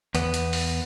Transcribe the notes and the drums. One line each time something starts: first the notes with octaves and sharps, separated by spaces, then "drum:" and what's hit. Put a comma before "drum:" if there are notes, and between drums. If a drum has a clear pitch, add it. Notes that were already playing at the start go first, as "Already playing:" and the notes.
E2 B3, drum: hi-hat
drum: hi-hat
drum: open hi-hat